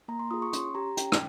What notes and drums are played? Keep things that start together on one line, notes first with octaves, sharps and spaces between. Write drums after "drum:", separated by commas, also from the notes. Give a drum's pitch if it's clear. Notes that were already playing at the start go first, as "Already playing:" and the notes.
A#3 A#5
C6
F4 G#4 D#6
C#6
C#4 C6, drum: hi-hat
G4 A#5
C#4 G5, drum: hi-hat
drum: rim click